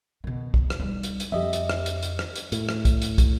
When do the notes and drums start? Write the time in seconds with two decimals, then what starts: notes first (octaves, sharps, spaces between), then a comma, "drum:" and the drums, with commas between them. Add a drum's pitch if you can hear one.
0.24 B2 D#3
0.54 drum: kick
0.70 drum: rim click
0.80 G3 D#4
1.03 drum: hi-hat
1.20 drum: hi-hat
1.32 F2 G4 D#5 E5
1.53 drum: hi-hat
1.70 drum: rim click
1.86 drum: hi-hat
2.03 drum: hi-hat
2.19 drum: rim click
2.36 drum: hi-hat
2.52 A2, drum: hi-hat
2.69 drum: rim click
2.85 drum: kick, hi-hat
3.02 drum: hi-hat
3.18 drum: kick, hi-hat